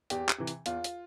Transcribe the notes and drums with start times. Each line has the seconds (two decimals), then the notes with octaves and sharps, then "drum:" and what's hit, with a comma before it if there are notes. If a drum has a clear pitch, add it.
0.10 E2 G4, drum: hi-hat
0.29 drum: clap
0.38 C3 E3
0.47 drum: hi-hat
0.66 E2 F4, drum: hi-hat
0.84 drum: hi-hat